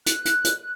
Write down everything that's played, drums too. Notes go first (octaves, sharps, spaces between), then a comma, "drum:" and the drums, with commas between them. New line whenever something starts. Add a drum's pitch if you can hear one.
F#6, drum: hi-hat
drum: hi-hat
drum: hi-hat